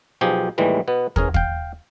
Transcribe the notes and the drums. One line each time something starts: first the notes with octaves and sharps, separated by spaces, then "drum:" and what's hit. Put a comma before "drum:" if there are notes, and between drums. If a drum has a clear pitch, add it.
B1 B2 F3 G4 G#4
D#2 A2 E3 G3 G#3
B2 B3
E3 C#4 G#4 A#4, drum: kick
F5 G5, drum: kick